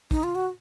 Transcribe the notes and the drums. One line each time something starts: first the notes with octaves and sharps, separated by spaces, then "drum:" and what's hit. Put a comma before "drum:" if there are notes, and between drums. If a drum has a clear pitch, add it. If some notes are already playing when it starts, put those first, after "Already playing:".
D#4, drum: kick
F4
F#4